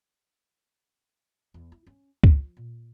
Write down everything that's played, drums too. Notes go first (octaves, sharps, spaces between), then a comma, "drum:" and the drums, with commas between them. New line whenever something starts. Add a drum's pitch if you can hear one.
E2
E4
C#4
F3, drum: kick C#2
A#2